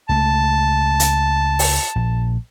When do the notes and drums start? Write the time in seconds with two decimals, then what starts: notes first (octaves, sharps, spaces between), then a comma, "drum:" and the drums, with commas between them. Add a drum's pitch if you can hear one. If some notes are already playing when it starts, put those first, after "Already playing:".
0.09 C#2 A3 A5
1.00 drum: hi-hat
1.59 drum: open hi-hat
1.96 A#1